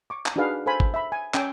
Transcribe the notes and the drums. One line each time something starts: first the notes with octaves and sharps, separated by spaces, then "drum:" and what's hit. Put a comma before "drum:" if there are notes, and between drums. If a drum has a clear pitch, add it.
C#6 D6
drum: clap
D4 D#4 F#4 G#4 B4 F5
A4 C5 F5 G#5 B5
drum: kick G#1
E5 B5
G#5
C#4 G5 G#5 E6, drum: clap